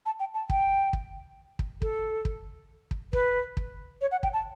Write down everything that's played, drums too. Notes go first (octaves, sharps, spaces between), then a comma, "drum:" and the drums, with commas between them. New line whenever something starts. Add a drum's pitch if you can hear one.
A5
G5
A5
G5, drum: kick
drum: kick
drum: kick
A4, drum: kick
drum: kick
drum: kick
B4, drum: kick
drum: kick
C#5
F#5
G5, drum: kick
A5